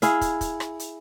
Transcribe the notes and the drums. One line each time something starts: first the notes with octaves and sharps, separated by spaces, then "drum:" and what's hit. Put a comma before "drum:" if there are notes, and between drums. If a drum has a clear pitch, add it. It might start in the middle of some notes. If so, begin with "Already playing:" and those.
E4 G#4 F5, drum: hi-hat
drum: kick, hi-hat
drum: kick, hi-hat
drum: rim click
drum: hi-hat